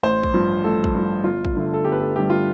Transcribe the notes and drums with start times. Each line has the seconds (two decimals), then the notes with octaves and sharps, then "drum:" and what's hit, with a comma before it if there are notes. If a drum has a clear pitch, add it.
0.03 A1 C5
0.23 drum: kick
0.34 G2 F3
0.64 A1 A4
0.84 drum: kick
0.94 G2 F3
1.24 G1 F4
1.45 drum: kick
1.55 G2 D3 A3
1.74 A4
1.84 G1 G4
1.92 B4
2.00 A4
2.15 G2 D3 A3 G4
2.30 F4